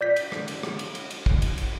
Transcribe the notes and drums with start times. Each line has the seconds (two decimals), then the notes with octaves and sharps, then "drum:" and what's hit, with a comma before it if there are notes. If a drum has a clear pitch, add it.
0.01 D5 G6 B6
0.16 drum: cymbal
0.32 drum: rim click
0.48 drum: cymbal
0.63 drum: rim click
0.79 drum: cymbal
0.95 drum: cymbal
1.10 drum: cymbal
1.26 drum: kick
1.42 drum: cymbal
1.58 drum: cymbal